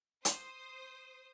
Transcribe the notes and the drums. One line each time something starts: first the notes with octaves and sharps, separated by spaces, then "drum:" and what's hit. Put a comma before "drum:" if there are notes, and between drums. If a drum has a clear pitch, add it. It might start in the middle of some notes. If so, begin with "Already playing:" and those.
C5 D#6, drum: hi-hat